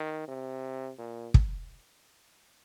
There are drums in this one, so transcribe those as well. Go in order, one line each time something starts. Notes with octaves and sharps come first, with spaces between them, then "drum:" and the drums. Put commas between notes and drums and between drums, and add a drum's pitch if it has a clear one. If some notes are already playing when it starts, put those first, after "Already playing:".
Already playing: D#3
C3
A#2
drum: kick